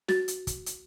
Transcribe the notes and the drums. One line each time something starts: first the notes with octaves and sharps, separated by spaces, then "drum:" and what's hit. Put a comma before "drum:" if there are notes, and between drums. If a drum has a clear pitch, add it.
F#4 A6, drum: snare
drum: hi-hat
drum: kick, hi-hat
drum: hi-hat